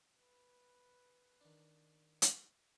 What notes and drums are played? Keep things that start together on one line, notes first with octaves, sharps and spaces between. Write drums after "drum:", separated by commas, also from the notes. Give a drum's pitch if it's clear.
B4
D#3 D4
drum: hi-hat